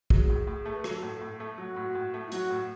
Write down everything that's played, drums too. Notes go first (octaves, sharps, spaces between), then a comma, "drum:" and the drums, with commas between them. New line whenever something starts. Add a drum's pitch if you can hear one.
F#3 G#4, drum: kick
A2
A2 G#4
A3
B4
F#3 A4, drum: rim click
A2
A2
A3
F#3 F#4
A2
A2
A3
E4
F#3 F#4, drum: hi-hat
A2